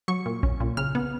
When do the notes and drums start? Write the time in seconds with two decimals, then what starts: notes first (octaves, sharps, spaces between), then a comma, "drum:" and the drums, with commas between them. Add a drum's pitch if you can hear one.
0.08 F#3 C#6
0.26 A#2
0.43 C#4, drum: kick A#1
0.60 A#2
0.77 C#3 F6
0.95 B3